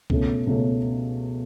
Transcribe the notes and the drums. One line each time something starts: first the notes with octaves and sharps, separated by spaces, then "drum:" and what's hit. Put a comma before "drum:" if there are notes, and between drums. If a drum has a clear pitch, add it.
C#2 B2 A3 C#4, drum: kick C2
C#2 B2 A3 C#4